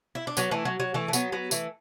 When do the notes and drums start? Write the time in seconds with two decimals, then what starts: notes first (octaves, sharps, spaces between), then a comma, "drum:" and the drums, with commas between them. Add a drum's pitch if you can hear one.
0.15 E4
0.27 D4
0.37 F#3 B3, drum: tambourine
0.51 E3 A3
0.65 F#3
0.80 F#3
0.94 E3 A3
1.08 A3
1.13 F#3 B3, drum: tambourine
1.32 F#3 B3
1.51 E3 A3, drum: tambourine